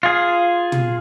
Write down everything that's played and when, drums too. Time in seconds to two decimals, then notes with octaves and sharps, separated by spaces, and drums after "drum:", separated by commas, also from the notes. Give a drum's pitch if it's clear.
0.03 F4 G#4
0.72 drum: tom